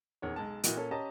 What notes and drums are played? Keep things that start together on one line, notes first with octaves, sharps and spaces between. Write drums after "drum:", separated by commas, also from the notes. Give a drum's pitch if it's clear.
D#1 E2 D#3 C#5
B1 G#3 A5
A#2 E3 F#4 D#5 D#7, drum: hi-hat
A#2 C#4 A4
C#4 G4 D#5 A5 A#5